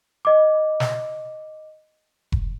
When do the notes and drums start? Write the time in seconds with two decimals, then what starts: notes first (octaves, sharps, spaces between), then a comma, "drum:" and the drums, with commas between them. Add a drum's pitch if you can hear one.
0.25 D#5 D6
0.80 drum: snare
2.32 drum: kick F1